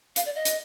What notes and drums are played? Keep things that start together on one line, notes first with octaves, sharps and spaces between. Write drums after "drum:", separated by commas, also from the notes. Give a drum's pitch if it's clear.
F5, drum: hi-hat
D5
D#5
drum: hi-hat